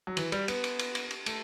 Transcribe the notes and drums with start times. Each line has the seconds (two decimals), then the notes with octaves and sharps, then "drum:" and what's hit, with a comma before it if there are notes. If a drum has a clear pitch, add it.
0.07 F#3
0.17 E3, drum: cymbal
0.32 G3, drum: cymbal
0.48 B3, drum: cymbal
0.64 drum: cymbal
0.79 drum: cymbal
0.95 drum: cymbal
1.11 drum: cymbal
1.26 A3, drum: cymbal